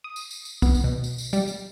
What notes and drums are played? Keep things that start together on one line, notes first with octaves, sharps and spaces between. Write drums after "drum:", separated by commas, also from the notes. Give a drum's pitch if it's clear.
D#6
drum: tambourine
drum: tambourine
drum: tambourine
B3, drum: kick, tambourine
drum: tambourine
B2
drum: tambourine
drum: tambourine
G3, drum: tambourine
drum: tambourine